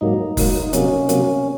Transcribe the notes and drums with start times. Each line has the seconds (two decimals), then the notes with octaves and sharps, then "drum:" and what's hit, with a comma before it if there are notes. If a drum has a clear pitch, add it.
0.01 G#2 F#3 A#3 D#4
0.37 G#2 F#3 A#3, drum: kick F1, open hi-hat
0.63 D#4
0.73 C3 F#3 A#3 C#4, drum: hi-hat
1.09 C3 F#3 A#3, drum: hi-hat